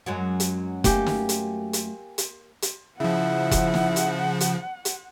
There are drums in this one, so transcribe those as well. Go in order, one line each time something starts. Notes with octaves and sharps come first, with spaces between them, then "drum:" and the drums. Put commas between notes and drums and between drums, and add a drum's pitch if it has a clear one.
F#2 F#3 G#3
drum: hi-hat
A3 A#3 G4 G5 G#5, drum: kick F1, hi-hat
drum: snare
drum: hi-hat
drum: hi-hat
drum: hi-hat
drum: hi-hat
C#3 F3 E4 F#5
drum: kick F1, hi-hat
drum: snare
drum: hi-hat
drum: hi-hat
drum: hi-hat